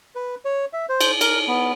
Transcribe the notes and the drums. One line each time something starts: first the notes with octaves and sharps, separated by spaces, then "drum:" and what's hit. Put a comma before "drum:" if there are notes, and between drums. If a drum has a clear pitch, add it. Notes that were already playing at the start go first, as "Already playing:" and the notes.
B4
C#5
E5
C5
drum: cymbal
A#4, drum: cymbal
B3